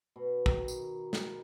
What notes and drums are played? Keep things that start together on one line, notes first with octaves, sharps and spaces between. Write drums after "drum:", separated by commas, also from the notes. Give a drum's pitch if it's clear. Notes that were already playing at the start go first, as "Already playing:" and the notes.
B2
D#3, drum: kick
drum: tambourine
drum: snare